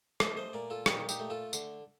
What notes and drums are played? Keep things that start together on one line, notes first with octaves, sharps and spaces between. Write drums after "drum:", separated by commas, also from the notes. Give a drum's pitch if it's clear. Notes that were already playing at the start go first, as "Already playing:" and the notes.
A3 C5 D#5, drum: rim click
C5 D#5
A#2 A#4 D5
F4 A4
A#2 D#4 G4, drum: rim click
D#4 G4, drum: tambourine
A3
F4 A4
D3, drum: tambourine